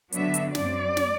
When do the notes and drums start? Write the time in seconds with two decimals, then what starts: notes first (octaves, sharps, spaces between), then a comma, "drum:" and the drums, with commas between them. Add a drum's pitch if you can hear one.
0.12 D3 F#3 B3 D4 E5, drum: hi-hat
0.34 drum: hi-hat
0.55 F#2 F#3 C4 D5, drum: snare
0.97 drum: snare